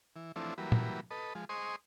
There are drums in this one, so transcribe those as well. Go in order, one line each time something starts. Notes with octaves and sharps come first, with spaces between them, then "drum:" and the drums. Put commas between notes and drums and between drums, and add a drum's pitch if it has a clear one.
E3
E3 F3 A3 C4 D4 E4
E3 F#3 G3 A#3 B4
drum: tom
A4 B4 D#5
F3 G#3
G#4 C5 D#5 C6 C#6 D#6